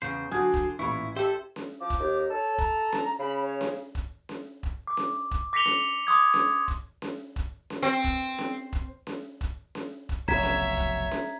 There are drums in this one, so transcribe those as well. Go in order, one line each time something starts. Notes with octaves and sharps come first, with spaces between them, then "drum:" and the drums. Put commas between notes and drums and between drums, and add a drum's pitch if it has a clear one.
E2 C#3 C5
D3 F#3 F#4 G#5 D#6 G#6
drum: kick E1, hi-hat
A1 A#2 E3 E4 B5 C#6
G4 A4 C5 E5
drum: snare C#4
F3 D6
drum: kick E1, hi-hat
D#2
A4 C#5
A#5, drum: kick E1, hi-hat
drum: snare C#4
C#3 B5
C#5
drum: snare C#4
drum: kick E1, hi-hat
drum: snare C#4
drum: kick E1
D6
drum: snare C#4
drum: kick E1, hi-hat
D6 A#6 B6 C#7 F7 G7
drum: snare C#4
C6 D6 D#6 G#6
drum: snare C#4
drum: kick E1, hi-hat
drum: snare C#4
drum: kick E1, hi-hat
drum: snare C#4
C4
drum: kick E1, hi-hat
drum: snare C#4
drum: kick E1, hi-hat
drum: snare C#4
drum: kick E1, hi-hat
drum: snare C#4
drum: kick E1, hi-hat
F1 B1 C#5 E5 A#5 G#6 B6
drum: snare C#4
drum: kick E1, hi-hat
drum: snare C#4